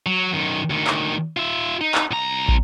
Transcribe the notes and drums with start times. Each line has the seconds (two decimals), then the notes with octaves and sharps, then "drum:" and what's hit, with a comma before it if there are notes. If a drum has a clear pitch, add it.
0.06 F#3
0.33 F#2 D#3
0.70 D2 D#3
0.87 drum: clap
1.37 F4 E5
1.81 D#4
1.95 drum: clap
2.11 C2 A#5
2.49 drum: kick